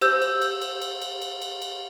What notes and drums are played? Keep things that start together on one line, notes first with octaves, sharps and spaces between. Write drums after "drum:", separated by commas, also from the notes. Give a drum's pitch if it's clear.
G4 C5 E6 G6, drum: cymbal
drum: cymbal
drum: cymbal
drum: cymbal
drum: cymbal
drum: cymbal
drum: cymbal
drum: cymbal
drum: cymbal